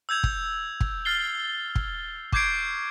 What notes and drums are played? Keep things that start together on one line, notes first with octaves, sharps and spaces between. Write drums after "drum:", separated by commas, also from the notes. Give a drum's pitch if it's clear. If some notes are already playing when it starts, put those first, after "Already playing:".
E6 G6 G#6 F7
drum: kick
drum: kick
F6 A6 C7 G7
drum: kick
C#6 D6 G6 G#6 C7 D7, drum: kick